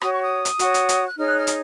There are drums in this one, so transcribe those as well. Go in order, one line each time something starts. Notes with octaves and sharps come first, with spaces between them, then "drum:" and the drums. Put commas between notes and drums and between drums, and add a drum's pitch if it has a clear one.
F#4 C#5 D#6, drum: rim click
C#6
D#6
drum: hi-hat
F#4 C#5, drum: hi-hat
drum: hi-hat
drum: hi-hat
F#6
D#4 G#4 C#5 F6
F#6
F6
drum: hi-hat